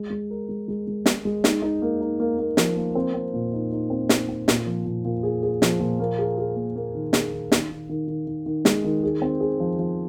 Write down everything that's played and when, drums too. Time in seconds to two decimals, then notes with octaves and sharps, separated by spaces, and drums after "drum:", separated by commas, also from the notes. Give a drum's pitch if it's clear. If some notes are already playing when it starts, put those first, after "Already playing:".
Already playing: G#3
0.10 G#3
0.30 A#4
0.49 G#3
0.68 G#3
0.87 G#3
1.06 G#3, drum: snare
1.25 G#3
1.44 D#4, drum: snare
1.62 D#4
1.82 A#3
2.01 D#4
2.20 A#3
2.39 A#3
2.57 F3, drum: snare
2.76 A#3
2.95 C4
3.14 C4
3.34 A#2
3.53 D#4
3.72 D#4
3.90 C4
4.09 D#4, drum: snare
4.29 C4
4.48 A#2, drum: snare
4.67 F3
4.85 A#2
5.05 A#2
5.23 G#4
5.43 G#4
5.62 F3, drum: snare
5.80 A#2
6.00 A#3
6.18 G#4
6.38 G#4
6.56 A#3
6.76 A#3
6.95 D#3
7.13 G#4, drum: snare
7.32 D#3
7.52 D#3, drum: snare
7.71 D#3
7.89 D#3
8.08 D#3
8.27 D#3
8.46 D#3
8.65 G#3, drum: snare
8.84 D#3
9.03 G#4
9.22 C4
9.40 G#4
9.60 F3
9.79 F3